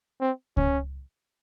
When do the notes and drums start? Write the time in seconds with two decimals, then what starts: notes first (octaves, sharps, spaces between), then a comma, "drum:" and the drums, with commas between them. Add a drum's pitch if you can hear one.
0.21 C4
0.57 C#4, drum: kick C#2